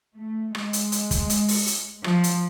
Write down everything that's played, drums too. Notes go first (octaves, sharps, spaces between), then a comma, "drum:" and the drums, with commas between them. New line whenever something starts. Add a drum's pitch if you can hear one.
A3
G#3, drum: rim click
drum: hi-hat
drum: hi-hat
drum: kick, hi-hat
drum: hi-hat
drum: open hi-hat
drum: hi-hat
F3, drum: rim click
drum: hi-hat